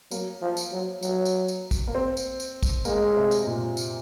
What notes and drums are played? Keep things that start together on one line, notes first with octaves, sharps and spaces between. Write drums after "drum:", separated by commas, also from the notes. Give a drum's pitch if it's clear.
F#3 A#3, drum: tambourine
F3
drum: tambourine
F#3
F#3, drum: tambourine
drum: tambourine
drum: tambourine
drum: kick, tambourine
A#3
C4
drum: tambourine
drum: tambourine
drum: kick, tambourine
G#3 A#3, drum: tambourine
C3
drum: tambourine
A#2
drum: tambourine